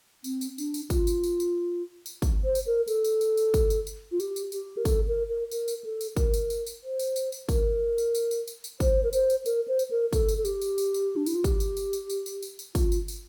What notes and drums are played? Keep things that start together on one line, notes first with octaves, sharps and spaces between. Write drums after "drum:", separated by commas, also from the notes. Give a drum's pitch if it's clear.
C4, drum: tambourine
drum: tambourine
D4, drum: tambourine
drum: tambourine
F4, drum: kick, tambourine
drum: tambourine
drum: tambourine
drum: tambourine
drum: tambourine
drum: kick, tambourine
C5
drum: tambourine
A#4
A4, drum: tambourine
drum: tambourine
drum: tambourine
drum: tambourine
drum: kick, tambourine
drum: tambourine
drum: tambourine
F4
G4, drum: tambourine
drum: tambourine
G4, drum: tambourine
A#4
A4, drum: kick, tambourine
A#4
A#4
A#4, drum: tambourine
drum: tambourine
A4
drum: tambourine
A#4, drum: kick, tambourine
drum: tambourine
drum: tambourine
drum: tambourine
C5
drum: tambourine
drum: tambourine
drum: tambourine
A#4, drum: kick, tambourine
drum: tambourine
drum: tambourine
drum: tambourine
drum: tambourine
drum: tambourine
C5, drum: kick, tambourine
A#4
C5, drum: tambourine
drum: tambourine
A#4, drum: tambourine
C5
drum: tambourine
A#4
A4, drum: kick, tambourine
drum: tambourine
A4
G4, drum: tambourine
drum: tambourine
drum: tambourine
drum: tambourine
D4
E4, drum: tambourine
F4
G4, drum: kick, tambourine
drum: tambourine
drum: tambourine
drum: tambourine
drum: tambourine
drum: tambourine
drum: tambourine
drum: tambourine
F4, drum: kick, tambourine
drum: tambourine
drum: tambourine